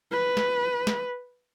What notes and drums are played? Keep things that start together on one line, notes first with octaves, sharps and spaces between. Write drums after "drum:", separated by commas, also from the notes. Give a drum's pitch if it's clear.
B4
drum: snare
drum: snare